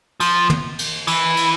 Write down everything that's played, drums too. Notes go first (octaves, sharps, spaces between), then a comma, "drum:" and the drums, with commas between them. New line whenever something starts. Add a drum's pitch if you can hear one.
F3, drum: cymbal
drum: tom
drum: cymbal
E3, drum: cymbal
drum: cymbal